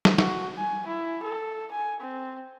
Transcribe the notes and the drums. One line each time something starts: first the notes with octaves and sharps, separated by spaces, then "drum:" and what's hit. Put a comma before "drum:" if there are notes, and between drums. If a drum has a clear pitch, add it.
drum: snare
F#4, drum: snare
G#5
E4
A4
G#5
C4